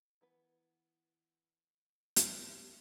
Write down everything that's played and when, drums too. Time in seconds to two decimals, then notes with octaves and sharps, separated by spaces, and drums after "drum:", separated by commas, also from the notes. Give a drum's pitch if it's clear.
0.21 E3 B3 B4
2.16 drum: hi-hat